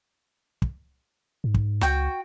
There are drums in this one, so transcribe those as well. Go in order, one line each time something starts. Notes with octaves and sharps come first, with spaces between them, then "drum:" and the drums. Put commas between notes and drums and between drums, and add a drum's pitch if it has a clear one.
drum: kick
G#2
drum: kick
C#2 F#4 G5, drum: snare